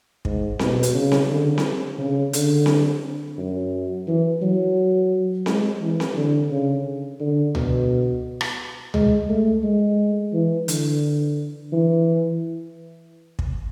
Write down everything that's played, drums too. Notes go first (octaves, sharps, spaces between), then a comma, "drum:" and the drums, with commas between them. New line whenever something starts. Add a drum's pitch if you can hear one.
G#2, drum: kick
B2, drum: snare C4
drum: hi-hat
C#3
drum: snare C4
D3
drum: snare C4
C#3
D3, drum: hi-hat
drum: snare C4
F#2
E3
F#3
G#3, drum: snare C4
E3
drum: snare C4
D3
C#3
D3
B2, drum: tom C#2
drum: rim click
G#3, drum: tom C#2
A3
G#3
E3
D3, drum: hi-hat
E3
drum: kick